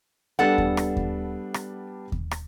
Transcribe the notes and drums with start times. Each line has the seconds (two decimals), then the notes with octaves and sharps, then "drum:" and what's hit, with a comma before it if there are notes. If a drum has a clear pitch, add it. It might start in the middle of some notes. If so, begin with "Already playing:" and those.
0.39 G3 B3 D4 A4 F#5
0.58 drum: kick D#2
0.77 drum: rim click
0.97 drum: kick D#2
1.54 drum: rim click
2.12 drum: kick D#2
2.31 drum: rim click